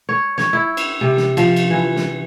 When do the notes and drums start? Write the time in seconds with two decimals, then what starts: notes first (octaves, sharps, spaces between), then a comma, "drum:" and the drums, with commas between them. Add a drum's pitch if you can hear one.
0.09 C#5
0.38 C#5, drum: snare
0.53 E4
0.77 drum: cymbal
1.01 C3
1.17 drum: snare
1.37 F3, drum: cymbal
1.56 drum: cymbal
1.70 E3
1.96 drum: snare